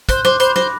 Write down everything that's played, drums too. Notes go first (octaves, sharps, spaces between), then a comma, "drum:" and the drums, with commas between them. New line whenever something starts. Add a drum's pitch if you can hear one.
C5 F#6, drum: kick, hi-hat
C5 D6, drum: snare
C5 B5, drum: hi-hat
C5 A#6, drum: snare